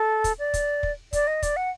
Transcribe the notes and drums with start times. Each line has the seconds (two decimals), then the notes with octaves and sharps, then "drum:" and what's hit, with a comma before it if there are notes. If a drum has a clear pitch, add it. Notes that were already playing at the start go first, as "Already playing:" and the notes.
Already playing: A4
0.24 drum: kick, hi-hat
0.39 D5
0.54 drum: kick, hi-hat
0.83 drum: kick
1.13 D5, drum: kick, hi-hat
1.27 D#5
1.43 D5, drum: kick, hi-hat
1.56 F#5